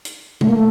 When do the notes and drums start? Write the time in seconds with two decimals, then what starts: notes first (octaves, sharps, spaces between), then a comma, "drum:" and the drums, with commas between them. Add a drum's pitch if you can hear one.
0.05 drum: hi-hat
0.41 A3, drum: tom
0.49 A#3
0.55 A3